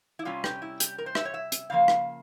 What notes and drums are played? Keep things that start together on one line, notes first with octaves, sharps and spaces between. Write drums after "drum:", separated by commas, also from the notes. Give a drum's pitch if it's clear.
E4
C3 G3 C#4 F4
G4, drum: rim click
E4
G4, drum: hi-hat
A#4
C5
E5, drum: rim click
C#5
E5
drum: hi-hat
C#3 F3 A#3 F5
drum: rim click